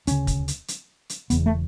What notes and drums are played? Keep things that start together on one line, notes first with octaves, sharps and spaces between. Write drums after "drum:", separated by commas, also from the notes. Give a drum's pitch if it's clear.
D2 C#3 C#4, drum: hi-hat
drum: kick, hi-hat
drum: hi-hat
drum: hi-hat
drum: hi-hat
E1 E2 C#3 B3, drum: hi-hat
A3